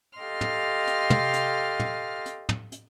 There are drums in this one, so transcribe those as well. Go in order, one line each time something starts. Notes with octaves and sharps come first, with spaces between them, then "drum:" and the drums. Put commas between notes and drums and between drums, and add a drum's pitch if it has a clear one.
G4 A4 D#5 F5 C6 F6
drum: tom
drum: hi-hat
drum: tom
drum: hi-hat
drum: tom
drum: hi-hat
drum: tom
drum: hi-hat